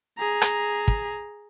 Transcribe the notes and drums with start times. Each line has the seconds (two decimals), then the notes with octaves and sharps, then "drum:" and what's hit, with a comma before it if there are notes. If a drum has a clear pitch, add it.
0.18 G#4 A#5
0.41 drum: rim click
0.88 drum: kick